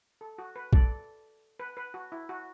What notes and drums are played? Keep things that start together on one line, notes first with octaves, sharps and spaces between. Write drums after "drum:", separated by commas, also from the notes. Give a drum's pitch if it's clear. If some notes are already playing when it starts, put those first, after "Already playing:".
A4
F#4
B4
A4 D5, drum: kick
B4
B4
F#4
E4
F#4